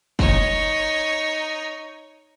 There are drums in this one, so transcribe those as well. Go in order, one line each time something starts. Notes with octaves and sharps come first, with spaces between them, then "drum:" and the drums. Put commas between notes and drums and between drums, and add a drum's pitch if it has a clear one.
D#4 C#5, drum: kick